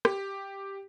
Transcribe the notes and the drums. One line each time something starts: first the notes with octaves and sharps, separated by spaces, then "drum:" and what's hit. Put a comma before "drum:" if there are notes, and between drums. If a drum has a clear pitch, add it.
G4, drum: rim click